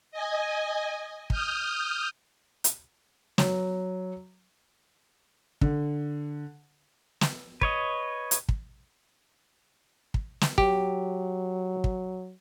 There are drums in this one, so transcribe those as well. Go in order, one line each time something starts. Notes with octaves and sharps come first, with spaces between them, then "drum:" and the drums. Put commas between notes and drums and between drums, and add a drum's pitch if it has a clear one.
D#5 G#5
D#6 F6 G6, drum: kick
drum: hi-hat
F#3, drum: snare
D3, drum: kick
drum: snare
B4 C#5 D#5, drum: kick
drum: hi-hat
drum: kick
drum: kick
drum: snare
F#3 G4, drum: kick
drum: kick